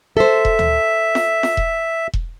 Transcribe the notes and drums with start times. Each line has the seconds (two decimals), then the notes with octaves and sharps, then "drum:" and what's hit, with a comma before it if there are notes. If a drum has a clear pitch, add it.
0.17 A4 C5 E5
0.45 drum: kick E1
0.59 drum: tom D2
1.15 drum: snare
1.43 drum: snare
1.57 drum: kick E1
2.14 drum: kick E1